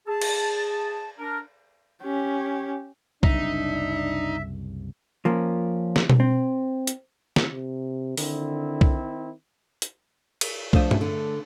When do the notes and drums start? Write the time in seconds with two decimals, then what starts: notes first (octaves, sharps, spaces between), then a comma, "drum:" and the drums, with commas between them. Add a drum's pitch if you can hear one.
0.07 G#4 A5
0.21 drum: cymbal
1.19 D4 A#4
2.03 C#4 G4
3.23 F#1 C2 D4 D#4 E5, drum: kick B1
5.25 F3 A#3 C#4
5.96 drum: snare
6.10 drum: tom B2
6.20 C4
6.87 drum: hi-hat
7.36 drum: snare
7.51 C3
8.17 D3 D#3 C4 E4, drum: open hi-hat
8.81 drum: kick B1
9.82 drum: hi-hat
10.41 drum: cymbal
10.73 F3 A3 D4 C5 D#5, drum: kick B1
10.91 drum: tom G2
11.01 D3